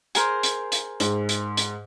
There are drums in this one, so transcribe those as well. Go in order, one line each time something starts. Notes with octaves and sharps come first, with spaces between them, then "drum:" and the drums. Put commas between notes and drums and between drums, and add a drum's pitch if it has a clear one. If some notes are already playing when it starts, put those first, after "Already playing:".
G#4 A#4 C5, drum: hi-hat
drum: hi-hat
drum: hi-hat
G#2, drum: hi-hat
drum: hi-hat
drum: hi-hat